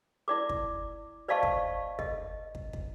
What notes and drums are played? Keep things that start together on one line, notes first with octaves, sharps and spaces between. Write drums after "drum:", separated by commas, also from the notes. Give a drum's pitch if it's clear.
E4 D5 D6
drum: kick
C5 D5 D#5 F5 A5 C#6
drum: kick
D#5, drum: kick
drum: kick
drum: kick